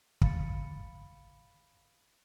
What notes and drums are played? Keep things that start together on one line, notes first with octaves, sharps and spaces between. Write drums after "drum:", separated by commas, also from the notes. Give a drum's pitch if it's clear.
F5 B5 A6 C#7, drum: kick